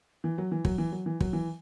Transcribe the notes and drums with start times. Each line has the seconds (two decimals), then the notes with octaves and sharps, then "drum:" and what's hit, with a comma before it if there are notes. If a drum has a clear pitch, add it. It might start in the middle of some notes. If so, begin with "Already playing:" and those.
0.24 E3
0.38 F#3
0.52 E3
0.65 F#3, drum: kick
0.78 E3
0.92 F#3
1.06 E3
1.21 F#3, drum: kick
1.33 E3